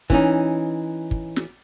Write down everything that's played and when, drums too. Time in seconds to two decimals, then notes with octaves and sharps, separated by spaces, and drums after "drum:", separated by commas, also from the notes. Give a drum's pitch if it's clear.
0.10 E3 C#4 D#4, drum: kick
1.11 drum: kick
1.36 drum: snare